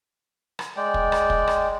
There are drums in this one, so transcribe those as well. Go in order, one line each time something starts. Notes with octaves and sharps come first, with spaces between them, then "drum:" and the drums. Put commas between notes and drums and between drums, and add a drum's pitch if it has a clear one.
drum: rim click
G#3 D5 G5
drum: kick
drum: rim click
drum: kick
drum: rim click